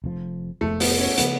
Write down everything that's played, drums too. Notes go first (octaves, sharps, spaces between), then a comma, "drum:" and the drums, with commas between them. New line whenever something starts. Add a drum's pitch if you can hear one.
F1 F2 F3
F1 F2 F3 A3
B3, drum: open hi-hat
C#4
C#3 F3 A3 B3, drum: hi-hat